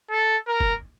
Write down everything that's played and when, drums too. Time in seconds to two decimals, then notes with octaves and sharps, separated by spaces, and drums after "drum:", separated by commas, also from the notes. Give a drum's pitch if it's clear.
0.10 A4
0.48 A#4
0.60 drum: kick